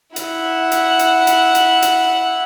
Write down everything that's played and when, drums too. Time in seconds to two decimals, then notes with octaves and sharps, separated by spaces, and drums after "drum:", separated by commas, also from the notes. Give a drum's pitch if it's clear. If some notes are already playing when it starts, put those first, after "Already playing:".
0.16 E4 F#5, drum: hi-hat
0.72 drum: hi-hat
0.99 drum: hi-hat
1.27 drum: hi-hat
1.55 drum: hi-hat
1.82 drum: hi-hat